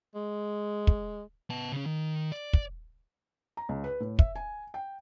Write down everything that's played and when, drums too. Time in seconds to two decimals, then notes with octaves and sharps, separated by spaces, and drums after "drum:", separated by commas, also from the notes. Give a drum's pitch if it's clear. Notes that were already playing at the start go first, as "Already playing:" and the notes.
0.15 G#3
0.87 drum: kick
1.50 B3 A5
1.72 C#3 C#4
1.86 D#3
2.32 D5
2.53 drum: kick
3.57 A#5
3.69 C#2
3.84 B4
4.00 A2
4.19 E5, drum: kick
4.36 G#5
4.74 G5